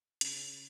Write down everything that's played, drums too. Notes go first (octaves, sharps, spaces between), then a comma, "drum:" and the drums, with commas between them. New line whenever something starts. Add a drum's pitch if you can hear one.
C#3, drum: hi-hat